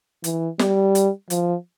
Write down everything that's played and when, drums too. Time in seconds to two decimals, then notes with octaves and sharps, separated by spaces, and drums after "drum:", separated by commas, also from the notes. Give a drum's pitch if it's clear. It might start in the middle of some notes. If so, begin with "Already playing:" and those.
0.24 E3, drum: hi-hat
0.59 G3, drum: snare
0.95 drum: hi-hat
1.30 F3, drum: hi-hat